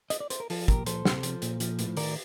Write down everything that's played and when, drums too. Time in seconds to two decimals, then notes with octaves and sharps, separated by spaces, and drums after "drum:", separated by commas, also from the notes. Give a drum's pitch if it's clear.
0.10 D#5, drum: hi-hat
0.20 D5
0.30 C5, drum: hi-hat
0.40 A#4
0.50 F3 F4 A4, drum: open hi-hat
0.68 A#2 G4 A#4, drum: kick, hi-hat
0.86 F3 A4 C5, drum: hi-hat
1.05 C3, drum: snare
1.23 F3, drum: hi-hat
1.42 A#2, drum: hi-hat
1.60 F3, drum: hi-hat
1.79 A2, drum: hi-hat
1.97 D#3 A#4 D5, drum: open hi-hat